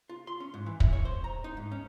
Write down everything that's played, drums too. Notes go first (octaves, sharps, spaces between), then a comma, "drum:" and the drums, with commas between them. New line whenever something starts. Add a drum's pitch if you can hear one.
F4
C6
C#4
G#2
E3
E3, drum: kick
C#5
C5
A#5
D#4
G#2
C#4